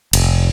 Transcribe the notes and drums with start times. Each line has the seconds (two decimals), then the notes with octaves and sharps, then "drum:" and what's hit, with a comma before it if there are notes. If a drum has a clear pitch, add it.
0.13 F1, drum: cymbal